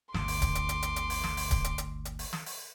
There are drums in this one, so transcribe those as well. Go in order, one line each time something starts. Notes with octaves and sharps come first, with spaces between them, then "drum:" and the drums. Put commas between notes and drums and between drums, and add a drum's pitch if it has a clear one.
G1 D2 C6 D6, drum: snare
drum: open hi-hat
drum: kick D1, hi-hat
drum: hi-hat
drum: hi-hat
drum: hi-hat
drum: hi-hat
drum: open hi-hat
drum: snare
drum: open hi-hat
drum: kick D1, hi-hat
drum: hi-hat
drum: hi-hat
drum: hi-hat
drum: open hi-hat
drum: snare
drum: open hi-hat